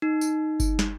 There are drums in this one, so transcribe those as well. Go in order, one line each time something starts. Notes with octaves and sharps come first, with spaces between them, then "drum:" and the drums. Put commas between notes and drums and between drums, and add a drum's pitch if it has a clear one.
D#4
drum: tambourine
drum: kick G1, tambourine
drum: snare